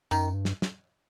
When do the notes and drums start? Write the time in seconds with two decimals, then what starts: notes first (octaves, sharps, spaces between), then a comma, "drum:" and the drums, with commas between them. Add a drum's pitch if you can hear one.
0.11 F#2 D#3, drum: tambourine
0.34 G2
0.45 drum: snare
0.62 drum: snare